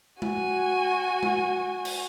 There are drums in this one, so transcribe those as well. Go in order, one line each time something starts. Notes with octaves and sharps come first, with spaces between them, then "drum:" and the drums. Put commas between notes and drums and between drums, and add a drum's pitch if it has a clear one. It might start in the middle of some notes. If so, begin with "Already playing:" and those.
F#4 G#5, drum: tom G#3
drum: tom G#3
drum: cymbal